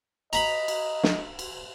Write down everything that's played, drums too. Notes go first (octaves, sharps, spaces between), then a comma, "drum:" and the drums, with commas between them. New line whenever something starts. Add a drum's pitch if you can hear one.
D#5 A#5 B5, drum: cymbal
drum: cymbal
drum: snare
drum: cymbal